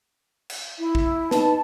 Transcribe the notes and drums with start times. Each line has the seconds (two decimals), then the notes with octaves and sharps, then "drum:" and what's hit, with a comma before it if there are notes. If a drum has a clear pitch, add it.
0.50 drum: cymbal
0.79 E4
0.95 drum: kick A#1
1.31 D#4 B4 A5, drum: snare